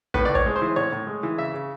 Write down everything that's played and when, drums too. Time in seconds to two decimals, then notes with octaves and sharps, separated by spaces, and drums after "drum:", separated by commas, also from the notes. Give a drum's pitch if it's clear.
0.14 A2 B4, drum: kick
0.25 A2 D5
0.35 C#5, drum: kick
0.46 G#3
0.55 C5
0.62 E3
0.76 A2 C#5
0.92 A2
1.07 G#3
1.23 E3
1.38 C#3 E5
1.54 C#3